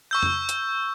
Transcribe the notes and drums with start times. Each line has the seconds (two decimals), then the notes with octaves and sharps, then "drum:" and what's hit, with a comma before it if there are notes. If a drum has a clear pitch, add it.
0.11 C#6 E6 G6
0.23 drum: tom F2
0.49 drum: hi-hat